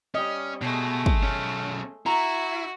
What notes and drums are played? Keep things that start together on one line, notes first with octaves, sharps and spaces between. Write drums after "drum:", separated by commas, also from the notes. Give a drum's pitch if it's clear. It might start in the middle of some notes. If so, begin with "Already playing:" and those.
G3 C#4 D#5
B2 G#3 A3
drum: kick
B1 C#4
E4 F#4 A#5